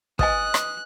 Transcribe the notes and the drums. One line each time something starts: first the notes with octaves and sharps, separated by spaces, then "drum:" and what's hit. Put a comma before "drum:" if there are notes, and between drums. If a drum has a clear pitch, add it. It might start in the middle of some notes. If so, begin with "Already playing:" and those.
B4 D#5 G#5 D#6 F#6, drum: kick
drum: rim click